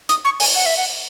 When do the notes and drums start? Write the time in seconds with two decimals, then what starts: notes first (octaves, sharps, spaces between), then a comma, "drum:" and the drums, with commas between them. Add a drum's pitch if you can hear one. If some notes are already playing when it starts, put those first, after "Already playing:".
0.09 D#6, drum: hi-hat
0.25 C#6
0.40 G#5, drum: open hi-hat
0.55 F#5
0.66 E5
0.77 F#5